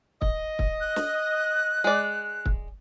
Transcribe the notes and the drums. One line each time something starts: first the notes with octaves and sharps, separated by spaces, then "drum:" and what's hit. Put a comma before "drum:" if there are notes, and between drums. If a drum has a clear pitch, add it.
D#5, drum: kick
drum: kick
F#6
drum: snare
G#3 D5
drum: kick